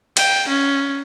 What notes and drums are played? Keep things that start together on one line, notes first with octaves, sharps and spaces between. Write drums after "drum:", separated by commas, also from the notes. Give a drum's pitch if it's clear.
G5, drum: cymbal
C#4